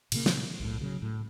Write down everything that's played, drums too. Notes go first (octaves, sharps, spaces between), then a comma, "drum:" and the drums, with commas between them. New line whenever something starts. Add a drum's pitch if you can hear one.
A#2 C#3 A#3, drum: cymbal
drum: snare
B1 A2
C#3 F#3
A2